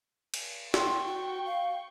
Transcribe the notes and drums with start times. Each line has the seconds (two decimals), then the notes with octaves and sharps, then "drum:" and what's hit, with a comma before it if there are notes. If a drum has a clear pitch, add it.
0.34 drum: cymbal
0.74 G5 C6 C#6, drum: snare
1.06 F#4
1.46 F5